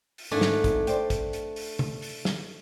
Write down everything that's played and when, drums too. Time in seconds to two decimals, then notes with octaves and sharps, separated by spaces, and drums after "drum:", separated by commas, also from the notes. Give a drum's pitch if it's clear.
0.18 drum: open hi-hat
0.31 F2 G#2 A3 A#3 D4 G#5
0.41 drum: snare
0.64 drum: kick, hi-hat
0.87 C5 D5 G5, drum: hi-hat
1.10 drum: kick, hi-hat
1.33 drum: hi-hat
1.56 drum: open hi-hat
1.79 drum: tom
2.02 drum: open hi-hat
2.25 drum: snare